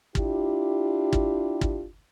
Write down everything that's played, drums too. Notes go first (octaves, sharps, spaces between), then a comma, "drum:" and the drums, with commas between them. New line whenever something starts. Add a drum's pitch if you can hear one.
D4 E4 F4 G4, drum: kick
drum: kick
drum: kick